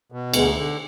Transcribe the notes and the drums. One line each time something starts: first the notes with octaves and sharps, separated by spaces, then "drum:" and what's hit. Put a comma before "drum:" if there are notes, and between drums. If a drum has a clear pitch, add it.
B2
D2 G#3 B3, drum: cymbal
D3